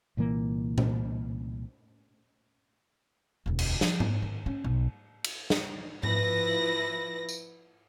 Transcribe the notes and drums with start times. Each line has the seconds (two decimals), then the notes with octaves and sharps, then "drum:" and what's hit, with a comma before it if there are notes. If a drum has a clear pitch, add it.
0.17 C2 A#2 E3 A#3
0.78 drum: tom A#2
3.46 E1 D2
3.59 drum: cymbal
3.81 F3, drum: snare
4.00 B3, drum: tom G#2
4.22 D#3
4.46 C#4
4.64 B1
5.24 drum: cymbal
5.50 drum: snare
6.03 F3 E4 B4 A#6, drum: tom G#2
7.29 drum: tambourine